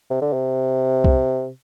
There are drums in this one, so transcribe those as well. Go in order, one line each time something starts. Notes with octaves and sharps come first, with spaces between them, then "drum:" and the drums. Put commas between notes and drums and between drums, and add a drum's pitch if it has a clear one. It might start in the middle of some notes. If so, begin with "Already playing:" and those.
C3
D3
C3
drum: kick C2